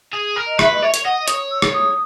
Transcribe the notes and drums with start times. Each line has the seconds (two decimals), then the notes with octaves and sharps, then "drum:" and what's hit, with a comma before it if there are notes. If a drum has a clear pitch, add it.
0.13 G#4
0.36 A#4
0.47 D#5
0.59 B4 E5, drum: rim click
0.73 D#5
0.82 C#5 E5
0.94 drum: hi-hat
1.05 D#5 F#5
1.28 C#5 D#6, drum: hi-hat
1.51 E6
1.62 drum: rim click
1.74 D#6